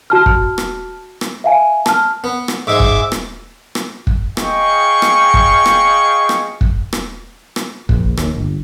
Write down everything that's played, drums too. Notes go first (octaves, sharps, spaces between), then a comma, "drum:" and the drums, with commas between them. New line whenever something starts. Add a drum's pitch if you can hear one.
F#4 A5 F6
drum: kick
drum: rim click
drum: rim click
E5 F5 G#5
A5 F6, drum: rim click
B3
drum: rim click
G#2 G#3 E5 D6
drum: kick
drum: rim click
drum: rim click
drum: kick
G#4 D#5 F5 G5 C#6, drum: rim click
drum: rim click
drum: kick
drum: rim click
drum: rim click
drum: kick
drum: rim click
drum: rim click
A#1, drum: kick
D#2, drum: rim click
G1